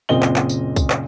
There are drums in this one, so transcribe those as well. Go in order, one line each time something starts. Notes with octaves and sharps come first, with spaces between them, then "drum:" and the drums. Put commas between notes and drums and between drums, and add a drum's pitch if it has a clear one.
F#1 A#2 C4 D#5 G7
drum: clap
drum: clap
drum: tambourine
drum: kick C2, tambourine
drum: clap